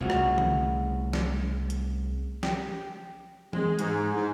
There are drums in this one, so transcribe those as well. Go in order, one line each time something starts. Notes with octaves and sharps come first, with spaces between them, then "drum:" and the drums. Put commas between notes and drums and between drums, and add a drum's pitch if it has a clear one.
C2 C#3 A3 F4 F#4
drum: rim click
drum: tom D3
drum: snare
drum: hi-hat
G4, drum: snare
G#3, drum: tom E3
G#2, drum: hi-hat
G#2